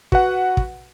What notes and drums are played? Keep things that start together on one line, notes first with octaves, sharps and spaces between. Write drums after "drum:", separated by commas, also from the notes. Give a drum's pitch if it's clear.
F#4 B4 F#5, drum: kick
drum: kick